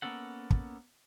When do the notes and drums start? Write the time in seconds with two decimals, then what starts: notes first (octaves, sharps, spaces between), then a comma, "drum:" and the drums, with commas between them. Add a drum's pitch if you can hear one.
0.02 A#3 B3 C#4 A4 F#5
0.51 drum: kick